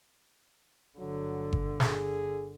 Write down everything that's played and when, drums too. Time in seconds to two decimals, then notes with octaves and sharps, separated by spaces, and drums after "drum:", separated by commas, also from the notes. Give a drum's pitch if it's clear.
0.99 G1 D3 F#3
1.53 drum: kick G1
1.80 G#4, drum: snare